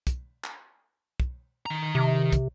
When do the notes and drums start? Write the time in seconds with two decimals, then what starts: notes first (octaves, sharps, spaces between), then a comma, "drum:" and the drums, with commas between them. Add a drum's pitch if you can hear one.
0.07 drum: kick, hi-hat
0.44 drum: clap
1.20 drum: kick
1.66 D#3 A#5
1.95 C3
2.33 drum: kick, hi-hat